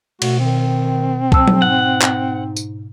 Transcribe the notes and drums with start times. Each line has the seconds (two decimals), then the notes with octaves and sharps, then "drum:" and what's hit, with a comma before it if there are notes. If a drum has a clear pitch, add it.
0.22 B2 A3 F#4, drum: cymbal
0.40 D#3 C4
1.32 F3 A5 E6, drum: kick
1.48 drum: tom F#3
1.62 G#2 F#5
2.02 drum: clap
2.56 drum: tambourine